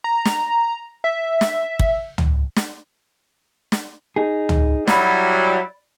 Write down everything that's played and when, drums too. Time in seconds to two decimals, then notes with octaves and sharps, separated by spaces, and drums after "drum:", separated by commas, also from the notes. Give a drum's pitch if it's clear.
0.04 A#5
0.25 drum: snare
1.04 E5
1.41 drum: snare
1.79 drum: kick
2.18 drum: tom
2.56 drum: snare
3.72 drum: snare
4.16 D#4 G#4
4.49 drum: tom
4.87 F#3 G3 E4 D5 A#5 B5, drum: snare